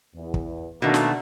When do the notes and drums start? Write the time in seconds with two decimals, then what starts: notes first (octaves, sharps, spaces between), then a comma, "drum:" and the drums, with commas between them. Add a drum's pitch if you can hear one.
0.14 E2
0.34 drum: kick
0.82 B2 D#3 A3 A#3 D4 F#4
0.94 drum: snare